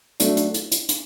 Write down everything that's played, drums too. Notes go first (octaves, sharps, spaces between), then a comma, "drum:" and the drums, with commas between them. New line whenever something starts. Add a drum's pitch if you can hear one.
F#3 A3 D4, drum: hi-hat
drum: hi-hat
drum: hi-hat
drum: hi-hat
drum: hi-hat